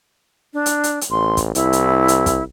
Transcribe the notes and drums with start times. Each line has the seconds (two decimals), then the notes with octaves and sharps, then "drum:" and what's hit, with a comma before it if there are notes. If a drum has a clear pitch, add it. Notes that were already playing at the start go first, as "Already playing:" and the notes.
0.54 D4
0.66 drum: hi-hat
0.84 drum: hi-hat
1.01 drum: hi-hat
1.11 A1 C6
1.37 drum: kick, hi-hat
1.55 C2 E4, drum: hi-hat
1.73 drum: hi-hat
2.08 drum: hi-hat
2.26 drum: kick, hi-hat